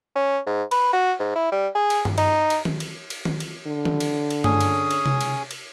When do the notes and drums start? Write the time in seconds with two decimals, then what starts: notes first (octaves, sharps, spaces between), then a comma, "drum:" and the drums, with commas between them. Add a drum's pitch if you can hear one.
0.15 C#4
0.46 G#2
0.71 B4, drum: cymbal
0.93 F#4
1.20 G#2
1.35 E4
1.52 G3
1.75 G#4
1.90 drum: cymbal
2.05 drum: tom G2
2.18 D#4, drum: cymbal
2.50 drum: cymbal
2.65 drum: tom D#3
2.80 drum: cymbal
3.10 drum: cymbal
3.25 drum: tom D#3
3.40 drum: cymbal
3.67 D3
3.85 drum: tom D#3
4.00 drum: cymbal
4.30 drum: cymbal
4.44 C#4 G#4 D#6, drum: tom G2
4.61 drum: cymbal
4.91 drum: cymbal
5.06 drum: tom C3
5.21 drum: cymbal
5.51 drum: cymbal